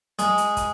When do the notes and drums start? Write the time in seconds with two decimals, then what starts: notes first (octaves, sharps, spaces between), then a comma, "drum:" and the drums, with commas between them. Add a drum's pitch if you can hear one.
0.19 G#3, drum: hi-hat
0.38 drum: hi-hat
0.57 drum: kick, hi-hat